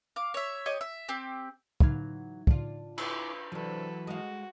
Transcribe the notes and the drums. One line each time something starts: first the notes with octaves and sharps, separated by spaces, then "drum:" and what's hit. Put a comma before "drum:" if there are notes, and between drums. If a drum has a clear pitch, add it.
F5 D6
C#5 E5
G4 C#5 D#5
E5
C4 G4
E3 F#3 D#4 F5 G#6, drum: kick
D4 F4, drum: kick
E4 B4 G#5 D6 E6, drum: cymbal
C3 E3 F#3 D4 A4 B4
G#3 F#4 F5